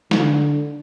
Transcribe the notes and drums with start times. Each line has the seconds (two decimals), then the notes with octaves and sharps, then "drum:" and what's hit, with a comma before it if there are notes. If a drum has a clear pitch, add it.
0.11 D3, drum: snare